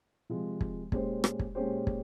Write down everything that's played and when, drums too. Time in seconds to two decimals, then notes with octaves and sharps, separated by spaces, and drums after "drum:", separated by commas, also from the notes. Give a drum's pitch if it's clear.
0.30 C3 F3 G#3
0.61 drum: kick
0.92 A#2 G#3 C#4 G4 C5, drum: kick
1.24 drum: rim click
1.39 drum: kick
1.55 A#2 G#3 C#4 G4 C5
1.87 drum: kick